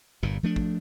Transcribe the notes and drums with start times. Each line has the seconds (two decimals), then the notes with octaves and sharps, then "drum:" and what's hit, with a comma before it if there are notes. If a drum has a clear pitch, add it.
0.23 G1 G2 A#2
0.43 F3 A3 D4
0.56 drum: kick